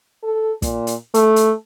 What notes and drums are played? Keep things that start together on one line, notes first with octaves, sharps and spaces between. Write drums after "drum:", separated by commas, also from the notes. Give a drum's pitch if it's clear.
A4
A#2, drum: kick, hi-hat
drum: hi-hat
A3, drum: hi-hat
drum: hi-hat